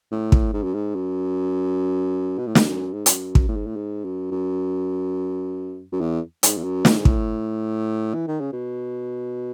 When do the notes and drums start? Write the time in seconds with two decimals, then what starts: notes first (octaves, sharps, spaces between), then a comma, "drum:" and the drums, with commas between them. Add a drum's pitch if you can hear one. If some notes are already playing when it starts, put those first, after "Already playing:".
0.11 A2
0.32 drum: kick
0.53 G#2
0.63 F#2
0.75 G#2
0.95 F#2
2.38 B2
2.47 A2
2.55 G#2, drum: snare
2.64 F#2
2.94 G#2
3.06 F#2, drum: hi-hat
3.35 drum: kick
3.48 A2
3.57 G#2
3.67 A2
3.76 G#2
4.05 F#2
4.31 F#2
5.92 F#2
6.01 E2
6.43 G#2, drum: hi-hat
6.57 E2
6.64 F#2
6.85 B2, drum: snare
6.91 A2
6.98 G#2
7.05 A2, drum: kick
8.14 E3
8.27 D#3
8.40 C#3
8.53 B2